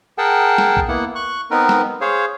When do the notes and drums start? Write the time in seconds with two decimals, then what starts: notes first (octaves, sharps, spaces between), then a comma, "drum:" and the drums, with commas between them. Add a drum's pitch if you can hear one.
0.18 G#4 A#4 F#5 G5 A5
0.58 drum: snare
0.77 drum: kick B1
0.88 A#3 B3 E4 F#5
1.15 C#6 F#6
1.51 B3 C4 D#4 A#4 B4
1.69 drum: snare
2.01 G#4 C5 C#5 F5